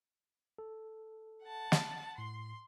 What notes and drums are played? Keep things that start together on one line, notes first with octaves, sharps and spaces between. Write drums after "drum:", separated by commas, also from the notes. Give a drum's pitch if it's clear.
A4
F#5 A5
drum: snare
A2 C6